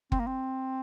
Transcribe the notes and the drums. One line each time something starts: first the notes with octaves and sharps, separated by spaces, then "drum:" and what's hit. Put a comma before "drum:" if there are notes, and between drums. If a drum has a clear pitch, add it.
C4, drum: kick
A#3
C4